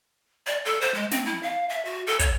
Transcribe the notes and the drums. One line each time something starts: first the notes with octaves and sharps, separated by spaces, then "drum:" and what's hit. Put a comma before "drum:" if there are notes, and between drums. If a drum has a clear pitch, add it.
D5
A4
C5
G#3
C4, drum: snare
E4
F5
E5
F#4
A4
C#5, drum: kick, hi-hat